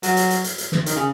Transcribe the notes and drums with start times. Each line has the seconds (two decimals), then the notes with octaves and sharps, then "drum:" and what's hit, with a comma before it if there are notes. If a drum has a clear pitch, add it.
0.03 F#3, drum: hi-hat
0.17 drum: hi-hat
0.30 drum: hi-hat
0.44 drum: hi-hat
0.58 drum: hi-hat
0.72 drum: snare
0.86 D#3, drum: hi-hat
0.96 C#3